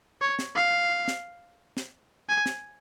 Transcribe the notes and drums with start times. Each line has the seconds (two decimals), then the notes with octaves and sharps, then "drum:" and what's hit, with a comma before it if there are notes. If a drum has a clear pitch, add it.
0.21 C#5
0.39 drum: snare
0.56 F5
1.08 drum: snare
1.77 drum: snare
2.29 G#5
2.46 drum: snare